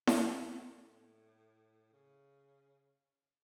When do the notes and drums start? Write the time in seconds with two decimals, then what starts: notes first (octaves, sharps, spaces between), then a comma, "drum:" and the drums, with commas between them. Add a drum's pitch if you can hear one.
0.07 C#3, drum: snare E4
0.38 A#2
0.69 A2
1.92 C#3